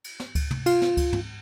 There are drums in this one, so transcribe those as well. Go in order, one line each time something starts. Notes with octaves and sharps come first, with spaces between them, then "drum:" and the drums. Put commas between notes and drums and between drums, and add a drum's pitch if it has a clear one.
drum: cymbal
drum: snare
drum: kick C#2, cymbal
drum: tom
F4, drum: cymbal
drum: snare
drum: kick C#2, cymbal
drum: tom